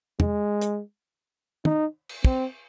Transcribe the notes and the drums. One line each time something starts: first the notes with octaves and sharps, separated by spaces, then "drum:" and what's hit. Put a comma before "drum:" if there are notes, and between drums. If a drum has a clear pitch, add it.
G#3, drum: tom
drum: hi-hat
D#4, drum: tom
drum: cymbal
C4, drum: kick